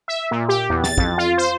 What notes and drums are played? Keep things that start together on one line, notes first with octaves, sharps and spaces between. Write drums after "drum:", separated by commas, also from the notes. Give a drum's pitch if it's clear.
E5
A#2
G4
E2
A6, drum: snare
F2, drum: kick
F4
C5